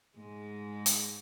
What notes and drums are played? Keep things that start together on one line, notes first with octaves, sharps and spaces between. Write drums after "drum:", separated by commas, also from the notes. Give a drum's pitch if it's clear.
G#2 G#3
drum: hi-hat